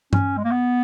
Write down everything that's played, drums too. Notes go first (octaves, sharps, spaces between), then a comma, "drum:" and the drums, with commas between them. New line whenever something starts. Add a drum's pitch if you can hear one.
C#4, drum: tom
G#3
A#3
B3